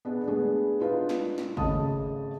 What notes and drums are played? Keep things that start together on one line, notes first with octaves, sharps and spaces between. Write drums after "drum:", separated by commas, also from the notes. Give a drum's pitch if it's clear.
B3 D4 G#4
G#3 A3 B3 D4 G#4
D4 D#4 F4 B4
drum: snare
drum: snare
G#1 C#3 A3 D#5 A5 D#6, drum: kick